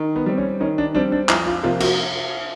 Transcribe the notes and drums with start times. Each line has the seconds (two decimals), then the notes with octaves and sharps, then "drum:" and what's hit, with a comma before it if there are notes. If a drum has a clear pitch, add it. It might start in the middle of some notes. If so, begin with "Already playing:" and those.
Already playing: D#3
0.16 B3
0.26 G3 C4
0.38 C#4
0.60 D#3 C#4
0.78 D4
0.95 G3 C4 D4
1.12 D4
1.29 F2 E4, drum: clap
1.47 F4
1.63 C3 F3 A#3 F4
1.80 F#4, drum: cymbal